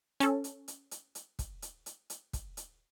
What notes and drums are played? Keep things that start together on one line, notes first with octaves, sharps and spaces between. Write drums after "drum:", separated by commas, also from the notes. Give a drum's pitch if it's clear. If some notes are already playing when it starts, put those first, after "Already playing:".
C#4 A4, drum: hi-hat
drum: hi-hat
drum: hi-hat
drum: hi-hat
drum: hi-hat
drum: kick, hi-hat
drum: hi-hat
drum: hi-hat
drum: hi-hat
drum: kick, hi-hat
drum: hi-hat